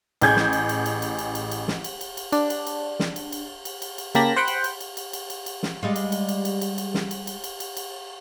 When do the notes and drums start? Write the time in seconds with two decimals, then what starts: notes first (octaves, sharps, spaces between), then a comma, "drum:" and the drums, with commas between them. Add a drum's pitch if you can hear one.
0.21 A1 G#4 G6 G#6, drum: cymbal
0.36 drum: snare
0.53 drum: cymbal
0.69 drum: cymbal
0.86 drum: cymbal
1.02 drum: cymbal
1.19 drum: cymbal
1.35 drum: cymbal
1.51 drum: cymbal
1.68 drum: snare
1.84 drum: cymbal
2.01 drum: cymbal
2.17 drum: cymbal
2.32 D4, drum: cymbal
2.50 drum: cymbal
2.67 drum: cymbal
3.00 drum: snare
3.16 drum: cymbal
3.32 drum: cymbal
3.65 drum: cymbal
3.82 drum: cymbal
3.98 drum: cymbal
4.15 C#3 A#3 G4 A5 B5 A#6, drum: cymbal
4.36 C5 F#5 G5 B5
4.48 drum: cymbal
4.64 drum: cymbal
4.80 drum: cymbal
4.97 drum: cymbal
5.13 drum: cymbal
5.30 drum: cymbal
5.46 drum: cymbal
5.63 drum: snare
5.83 G3 G#3 F4
5.96 drum: cymbal
6.12 drum: cymbal
6.29 drum: cymbal
6.45 drum: cymbal
6.61 drum: cymbal
6.78 drum: cymbal
6.94 drum: snare
7.11 drum: cymbal
7.27 drum: cymbal
7.44 drum: cymbal
7.60 drum: cymbal
7.77 drum: cymbal